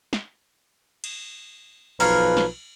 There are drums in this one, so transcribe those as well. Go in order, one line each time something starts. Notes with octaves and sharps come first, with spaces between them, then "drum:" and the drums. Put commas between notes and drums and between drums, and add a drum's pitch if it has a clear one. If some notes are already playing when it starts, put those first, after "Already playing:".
drum: snare
drum: cymbal
B1 F3 A#4 B4 C#5 F5, drum: cymbal
drum: snare